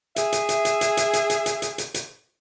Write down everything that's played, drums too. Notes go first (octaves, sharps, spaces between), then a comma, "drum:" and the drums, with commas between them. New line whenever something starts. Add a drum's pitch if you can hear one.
G#4 E5, drum: hi-hat
drum: hi-hat
drum: hi-hat
drum: hi-hat
drum: hi-hat
drum: hi-hat
drum: hi-hat
drum: hi-hat
drum: hi-hat
drum: hi-hat
drum: hi-hat
drum: hi-hat